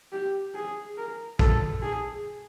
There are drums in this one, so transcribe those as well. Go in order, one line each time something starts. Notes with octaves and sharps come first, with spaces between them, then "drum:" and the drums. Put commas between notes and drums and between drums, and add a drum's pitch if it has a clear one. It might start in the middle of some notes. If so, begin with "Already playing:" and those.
G4
G#4
A#4
A4, drum: kick
G#4